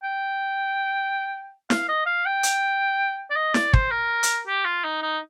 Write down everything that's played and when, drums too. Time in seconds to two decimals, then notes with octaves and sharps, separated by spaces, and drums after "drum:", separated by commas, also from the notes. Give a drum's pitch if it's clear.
0.04 G5
1.70 F5, drum: snare
1.89 D#5
2.06 F5
2.26 G5
2.43 drum: hi-hat
3.30 D5
3.36 D#5
3.54 D5, drum: snare
3.73 C5, drum: kick
3.92 A#4
4.23 drum: hi-hat
4.47 G4
4.65 F4
4.84 D#4
5.03 D#4